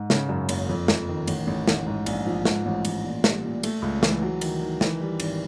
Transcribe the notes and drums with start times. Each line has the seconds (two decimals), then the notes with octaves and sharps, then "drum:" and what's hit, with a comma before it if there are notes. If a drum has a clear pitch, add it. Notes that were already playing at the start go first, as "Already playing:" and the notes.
Already playing: G#2
0.10 C#3, drum: snare
0.29 F#2
0.49 F#1, drum: cymbal
0.69 F2
0.88 F2, drum: snare
1.09 D#3
1.27 A1, drum: cymbal
1.47 A1
1.68 A1, drum: snare
1.87 G#2
2.06 A#1, drum: cymbal
2.26 F3
2.45 G#2, drum: snare
2.66 A1
2.85 A1, drum: cymbal
3.04 A#2
3.24 G3, drum: snare
3.44 A#2
3.63 A3, drum: cymbal
3.82 C#2
4.03 E3, drum: snare
4.22 F#3
4.41 D#3, drum: cymbal
4.61 D#3
4.81 E3, drum: snare
5.01 G3
5.20 G#1, drum: cymbal